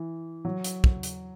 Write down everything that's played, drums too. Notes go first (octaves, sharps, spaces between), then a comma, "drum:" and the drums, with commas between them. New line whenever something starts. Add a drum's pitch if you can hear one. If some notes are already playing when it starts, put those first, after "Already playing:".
Already playing: E3
F#3
drum: hi-hat
drum: kick
drum: hi-hat